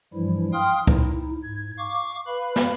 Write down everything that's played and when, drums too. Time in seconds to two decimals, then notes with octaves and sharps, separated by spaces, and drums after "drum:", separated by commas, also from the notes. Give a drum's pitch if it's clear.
0.14 G2 E3 F3 G3 E4
0.53 F5 G5 C6 D#6 F6
0.87 D#4 E4, drum: kick C#2
1.43 G#2 G#6
1.78 F5 C#6 D6
2.27 B4 F5 B5
2.56 drum: snare